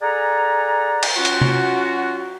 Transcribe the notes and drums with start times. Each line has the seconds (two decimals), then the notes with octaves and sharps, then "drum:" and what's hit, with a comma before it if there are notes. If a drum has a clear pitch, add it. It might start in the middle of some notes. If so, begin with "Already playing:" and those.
0.02 G#4 A4 D5 F#5 G#5 A#5
1.03 drum: cymbal
1.16 F#3 C#4 F4 F#4
1.25 drum: hi-hat
1.41 drum: tom C3